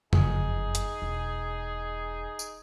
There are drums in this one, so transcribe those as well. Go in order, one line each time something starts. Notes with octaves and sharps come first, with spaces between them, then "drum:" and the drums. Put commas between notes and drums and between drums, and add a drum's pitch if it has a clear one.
F#1 F2 D#4 G#4, drum: tom F2
drum: hi-hat
E1
drum: tambourine